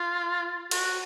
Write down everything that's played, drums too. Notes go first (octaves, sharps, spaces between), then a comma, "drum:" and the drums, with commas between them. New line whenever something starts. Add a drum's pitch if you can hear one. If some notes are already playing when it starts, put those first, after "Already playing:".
Already playing: F4
F#4, drum: cymbal